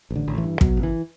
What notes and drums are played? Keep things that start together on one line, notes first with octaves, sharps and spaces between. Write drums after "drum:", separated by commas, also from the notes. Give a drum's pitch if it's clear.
A1
D3
A1
E3
G2
B2 F#3, drum: kick
F#1
E3